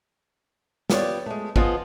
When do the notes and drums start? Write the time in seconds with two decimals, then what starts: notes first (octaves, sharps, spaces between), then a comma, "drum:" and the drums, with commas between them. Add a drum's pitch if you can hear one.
0.90 B3 F4 G4 A4 C#5 D5, drum: snare
1.26 G#3 A3
1.56 F3 B3 F4 G#4 D#5, drum: kick G#1